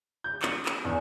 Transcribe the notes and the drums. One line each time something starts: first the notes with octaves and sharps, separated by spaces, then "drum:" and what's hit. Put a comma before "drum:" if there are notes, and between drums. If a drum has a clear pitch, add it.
G6
C#7, drum: clap
drum: clap
E2